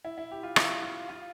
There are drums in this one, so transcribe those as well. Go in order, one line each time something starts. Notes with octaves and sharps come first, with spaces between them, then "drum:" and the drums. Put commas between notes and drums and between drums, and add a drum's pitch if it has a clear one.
E4
E4
G4
F4
E4, drum: rim click
F4
F4